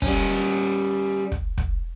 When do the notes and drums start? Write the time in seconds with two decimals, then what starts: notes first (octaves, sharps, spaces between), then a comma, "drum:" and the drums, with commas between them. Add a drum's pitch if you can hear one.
0.02 G3 C#4, drum: kick
1.32 drum: kick
1.58 drum: kick